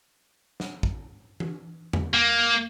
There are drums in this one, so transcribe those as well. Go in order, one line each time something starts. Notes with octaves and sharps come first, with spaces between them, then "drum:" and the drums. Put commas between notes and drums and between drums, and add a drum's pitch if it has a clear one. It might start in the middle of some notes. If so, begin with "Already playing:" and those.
drum: snare
drum: kick
drum: tom E3
drum: tom E2
A#3